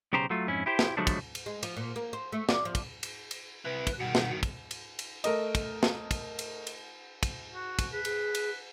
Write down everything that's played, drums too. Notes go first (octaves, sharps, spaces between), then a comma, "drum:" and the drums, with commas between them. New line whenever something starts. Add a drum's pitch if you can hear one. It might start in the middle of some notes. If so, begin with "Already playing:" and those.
B1 C#3 G4 C5 A#5
F#3 A3 F4
F2 G#2 C#4 E4
E4 G4 C5
drum: snare
D3 F3 F#3 G#3 A3 D4
drum: kick, cymbal
drum: cymbal
G#3
F3, drum: cymbal
A#2
A#3
C5
A3
D5, drum: snare
F3
drum: kick, cymbal
drum: cymbal
drum: cymbal
C3 E4 B4
drum: kick, cymbal
G2 B2 D#3 F#5
drum: snare
drum: kick, cymbal
drum: cymbal
drum: cymbal
A3 A#4 D#5, drum: cymbal
drum: kick, cymbal
drum: snare
drum: kick, cymbal
drum: cymbal
drum: cymbal
drum: kick, cymbal
F#4
drum: kick, cymbal
G#4 B4
G#4, drum: cymbal
drum: cymbal